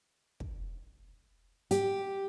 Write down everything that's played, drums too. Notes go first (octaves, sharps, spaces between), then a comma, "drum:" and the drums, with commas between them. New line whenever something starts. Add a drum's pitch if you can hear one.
drum: kick
G4, drum: hi-hat